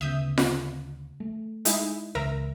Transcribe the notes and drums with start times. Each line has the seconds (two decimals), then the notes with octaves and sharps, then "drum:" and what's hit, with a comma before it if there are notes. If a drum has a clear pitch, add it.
0.01 D2 C#3 B3 E5 D#6 G6
0.38 drum: snare F4
1.20 A3
1.65 G#3 D#4 E4, drum: hi-hat
2.15 C#2 C#3 E3 A#4 E5 A#5